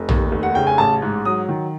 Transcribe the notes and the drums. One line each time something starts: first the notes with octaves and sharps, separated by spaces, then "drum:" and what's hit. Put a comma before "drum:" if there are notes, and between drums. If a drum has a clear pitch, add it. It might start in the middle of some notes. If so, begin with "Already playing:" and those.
Already playing: F1
D#2, drum: tom A#1
F1
F#5
C#3 G5
G#5
A1 A5
G#2
F#3 D#6
D#3